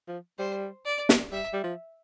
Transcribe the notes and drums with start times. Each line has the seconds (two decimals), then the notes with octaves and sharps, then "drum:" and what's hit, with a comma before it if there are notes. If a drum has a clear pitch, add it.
0.08 F3
0.39 G3 C5
0.85 D5
1.09 drum: snare
1.32 G3 E5
1.53 G3
1.64 F3